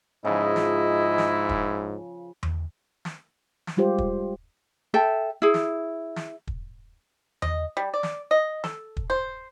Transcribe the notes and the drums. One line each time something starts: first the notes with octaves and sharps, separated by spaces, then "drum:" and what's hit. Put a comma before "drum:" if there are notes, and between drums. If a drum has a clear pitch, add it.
G#2 C#3 F3 E4 D#5
drum: snare
drum: snare
drum: kick
drum: tom E2
drum: snare
drum: snare
G3 G#3 F4 G4 C5
drum: kick
A4 E5 G5
E4 G#4
drum: snare
drum: snare
drum: kick
D#5, drum: tom E2
G3
D5
drum: snare
D#5
A4, drum: snare
drum: kick
C5